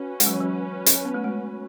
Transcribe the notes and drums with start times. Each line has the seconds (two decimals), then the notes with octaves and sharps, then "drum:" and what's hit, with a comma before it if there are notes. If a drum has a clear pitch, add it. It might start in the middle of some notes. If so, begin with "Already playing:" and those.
Already playing: C#4 F#4 B4
0.20 G#3, drum: hi-hat
0.27 F#3
0.33 E3
0.40 F#3
0.86 drum: hi-hat
1.05 B3
1.14 A3
1.24 G#3